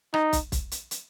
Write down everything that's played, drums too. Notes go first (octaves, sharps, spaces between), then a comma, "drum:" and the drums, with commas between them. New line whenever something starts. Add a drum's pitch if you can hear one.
D#4, drum: rim click
drum: kick, hi-hat
drum: kick, hi-hat
drum: hi-hat
drum: hi-hat